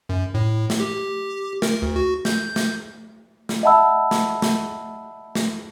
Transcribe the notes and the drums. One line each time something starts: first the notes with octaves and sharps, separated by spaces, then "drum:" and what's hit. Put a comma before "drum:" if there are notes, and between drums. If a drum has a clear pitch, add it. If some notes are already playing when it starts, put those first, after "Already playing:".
F#2
A2
drum: snare
G4
A#4, drum: snare
D2
F#4
G6, drum: snare
drum: snare
drum: snare
D#5 E5 F#5 A5 B5 E6
drum: snare
drum: snare
drum: snare